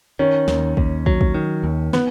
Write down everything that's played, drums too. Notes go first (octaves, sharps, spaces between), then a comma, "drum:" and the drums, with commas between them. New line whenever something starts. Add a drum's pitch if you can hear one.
D#3 C#4
D#2, drum: snare
D#2, drum: kick
F#3, drum: kick
drum: kick
D#3
D#2
B3, drum: snare